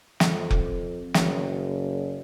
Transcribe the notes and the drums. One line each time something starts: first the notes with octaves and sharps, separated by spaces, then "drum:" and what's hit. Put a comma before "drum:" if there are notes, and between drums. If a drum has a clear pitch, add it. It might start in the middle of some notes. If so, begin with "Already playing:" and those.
F2, drum: snare
drum: kick F1
F#1, drum: snare